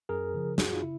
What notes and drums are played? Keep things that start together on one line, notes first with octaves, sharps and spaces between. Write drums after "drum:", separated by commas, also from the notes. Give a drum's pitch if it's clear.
F#2 G#4 A#4
C#3 F3
F#2 F#4 G#4, drum: snare
F4
C#3 E4